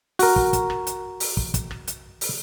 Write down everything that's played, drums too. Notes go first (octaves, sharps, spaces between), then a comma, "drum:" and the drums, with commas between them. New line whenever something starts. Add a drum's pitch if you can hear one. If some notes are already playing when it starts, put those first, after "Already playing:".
F#4 A#4, drum: open hi-hat
drum: kick
drum: kick, hi-hat
drum: rim click
drum: hi-hat
drum: open hi-hat
drum: kick
drum: kick, hi-hat
drum: rim click
drum: hi-hat
drum: open hi-hat